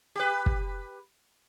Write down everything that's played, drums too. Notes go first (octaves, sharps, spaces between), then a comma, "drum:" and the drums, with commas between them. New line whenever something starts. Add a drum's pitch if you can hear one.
G4 B4
drum: kick